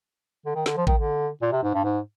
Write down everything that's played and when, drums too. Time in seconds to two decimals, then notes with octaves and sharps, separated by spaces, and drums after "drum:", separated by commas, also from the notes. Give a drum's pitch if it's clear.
0.46 D3
0.55 D#3
0.66 D3, drum: snare
0.77 F3
0.87 D#3, drum: kick A1
0.98 D3
1.42 A#2
1.52 C3
1.63 G#2
1.74 G2
1.84 G#2